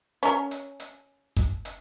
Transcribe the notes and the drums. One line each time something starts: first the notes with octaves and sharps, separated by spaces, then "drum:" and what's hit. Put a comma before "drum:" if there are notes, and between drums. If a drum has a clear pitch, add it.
C#4 A#4, drum: hi-hat
drum: hi-hat
drum: hi-hat
drum: kick, hi-hat
drum: hi-hat